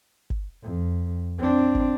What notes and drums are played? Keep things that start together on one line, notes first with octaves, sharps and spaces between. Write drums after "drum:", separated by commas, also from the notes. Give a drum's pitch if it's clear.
drum: kick G1
F2
C4 D4
drum: kick G1